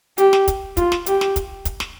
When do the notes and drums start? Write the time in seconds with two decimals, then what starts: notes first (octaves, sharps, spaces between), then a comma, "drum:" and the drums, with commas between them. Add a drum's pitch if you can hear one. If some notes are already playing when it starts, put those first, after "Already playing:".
0.18 G4, drum: hi-hat
0.33 drum: snare
0.48 drum: kick, hi-hat
0.77 F4, drum: kick, hi-hat
0.92 drum: snare
1.06 G4, drum: hi-hat
1.21 drum: snare
1.36 drum: kick, hi-hat
1.65 drum: kick, hi-hat
1.80 drum: snare